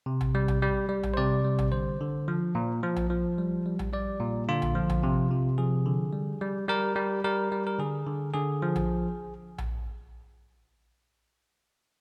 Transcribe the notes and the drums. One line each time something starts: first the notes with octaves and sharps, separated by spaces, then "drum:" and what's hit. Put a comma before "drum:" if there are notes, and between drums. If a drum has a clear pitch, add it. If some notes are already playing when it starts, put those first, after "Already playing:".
C3
drum: tom A#1
G3
drum: tom A#1
G3
G3
drum: tom A#1
C5
C3 D5
G3
drum: tom A#1
D3 C5
D3
F3
A#2
F3
drum: tom A#1
F3
G3
G3
drum: tom A#1
G3 D5
A#2
D3 F4
drum: tom A#1
F3
drum: tom A#1
C3
C3
F3 G#4
D3
G3
G3
G3 A#4
G3
G3 A#4
G3
A#4
D3 G#4
D3
D3 G#4
F3
drum: tom A#1
drum: tom A#1